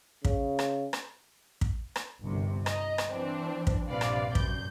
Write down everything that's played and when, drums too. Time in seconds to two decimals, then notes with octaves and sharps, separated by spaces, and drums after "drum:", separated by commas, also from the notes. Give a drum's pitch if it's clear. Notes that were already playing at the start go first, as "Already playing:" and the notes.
0.25 C#3, drum: kick
0.59 drum: rim click
0.93 drum: rim click
1.61 drum: kick
1.96 drum: rim click
2.22 G1 C2 C3
2.66 D#5 A#5, drum: rim click
2.98 drum: rim click
3.12 E3 C4 D4
3.67 drum: kick
3.90 A#1 G2 C3 B4 D5 F5
4.01 drum: rim click
4.35 F#2 G6, drum: kick